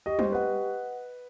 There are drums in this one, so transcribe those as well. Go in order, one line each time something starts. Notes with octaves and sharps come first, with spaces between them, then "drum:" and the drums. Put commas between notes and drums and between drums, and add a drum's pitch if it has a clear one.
G4 D#5
C5, drum: tom G3
B4 D#5 F#5